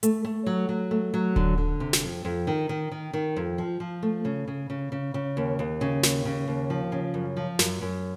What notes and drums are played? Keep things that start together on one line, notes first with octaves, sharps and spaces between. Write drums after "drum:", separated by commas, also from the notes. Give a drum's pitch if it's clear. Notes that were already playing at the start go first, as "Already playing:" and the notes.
A3, drum: hi-hat
A3
F#3
F#3
A3
F#3
D3, drum: kick D#1
D3
C3
drum: snare
F2
F2
D#3
D#3
D#3
D#3
F2
F3
F3
A3
C#3
C#3
C#3
C#3
C#3
D#2
D#2
C#3
D#2, drum: snare
C#3
D#2
F3
C#3
F#2
F3
F#2, drum: snare
F#2